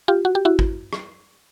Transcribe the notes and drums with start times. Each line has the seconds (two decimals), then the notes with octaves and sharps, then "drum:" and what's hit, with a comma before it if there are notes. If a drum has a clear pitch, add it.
0.08 F4 G4
0.25 F#4
0.35 G4
0.45 E4 F#4
0.59 drum: kick
0.93 drum: rim click